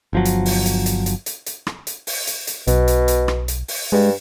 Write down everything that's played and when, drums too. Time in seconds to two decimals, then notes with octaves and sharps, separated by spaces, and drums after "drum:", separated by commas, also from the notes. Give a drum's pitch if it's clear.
0.13 G1 F3 F#3
0.25 drum: hi-hat
0.46 drum: open hi-hat
0.66 drum: hi-hat
0.86 drum: hi-hat
1.06 drum: hi-hat
1.26 drum: hi-hat
1.46 drum: hi-hat
1.67 drum: rim click
1.87 drum: hi-hat
2.07 drum: open hi-hat
2.27 drum: hi-hat
2.47 drum: hi-hat
2.67 B1 B2, drum: hi-hat
2.88 drum: hi-hat
3.08 drum: hi-hat
3.28 drum: rim click
3.48 drum: hi-hat
3.68 drum: open hi-hat
3.92 G2 G#3